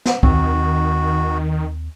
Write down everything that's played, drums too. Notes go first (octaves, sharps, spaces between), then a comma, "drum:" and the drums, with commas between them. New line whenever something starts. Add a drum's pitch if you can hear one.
drum: snare
D#2 D#3 C4 F#4, drum: kick C2